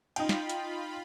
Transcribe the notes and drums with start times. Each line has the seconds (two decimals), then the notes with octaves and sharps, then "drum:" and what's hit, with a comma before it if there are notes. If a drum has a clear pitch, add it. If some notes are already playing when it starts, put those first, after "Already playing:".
0.16 D#4 F4 G5 B5, drum: cymbal
0.29 drum: snare
0.49 drum: hi-hat